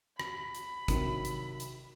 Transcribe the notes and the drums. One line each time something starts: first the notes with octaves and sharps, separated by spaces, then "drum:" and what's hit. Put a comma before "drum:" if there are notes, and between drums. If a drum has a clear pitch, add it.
B5, drum: rim click
drum: hi-hat
C3 D#3 F#3, drum: kick, hi-hat
drum: hi-hat
drum: hi-hat